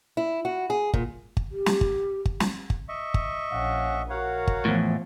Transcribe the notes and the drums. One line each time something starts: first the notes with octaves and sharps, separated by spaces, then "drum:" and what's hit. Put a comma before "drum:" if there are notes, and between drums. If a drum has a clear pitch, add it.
E4
F#4
G#4
A#2, drum: kick G1
drum: kick G1
G4
drum: snare
drum: kick G1
drum: kick G1
drum: snare
drum: kick G1
D#5 E5 C#6
drum: kick G1
A#1 C#4 F5 F#5
F#4 A#4 C#5 F5 F#5
drum: kick G1
E2 A2 F3